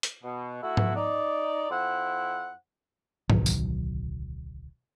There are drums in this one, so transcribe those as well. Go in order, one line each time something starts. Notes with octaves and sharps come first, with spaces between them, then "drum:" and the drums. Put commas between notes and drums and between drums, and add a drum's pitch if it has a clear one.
drum: hi-hat
B2
A3 E4 F#4
drum: tom G#2
D#4 D5
F2 E4 C5 F#5
D1 B1 D#3 F#3, drum: tom G#2
drum: tambourine